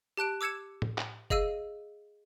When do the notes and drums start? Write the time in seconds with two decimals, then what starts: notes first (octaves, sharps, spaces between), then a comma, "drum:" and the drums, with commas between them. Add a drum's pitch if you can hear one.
0.17 G4 A5 F#6 D7
0.41 D6 E6 G#6 C#7 E7
0.82 drum: tom A2
0.98 drum: clap
1.30 G#4 D#5 F5 E6 D#7, drum: kick F1